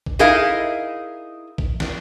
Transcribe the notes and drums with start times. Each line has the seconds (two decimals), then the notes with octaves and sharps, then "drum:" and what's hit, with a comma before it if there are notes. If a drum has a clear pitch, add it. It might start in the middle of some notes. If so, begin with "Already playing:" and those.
0.06 drum: kick
0.19 D#4 E4 G#4 A#4 D#5 F5
1.58 drum: kick
1.80 drum: snare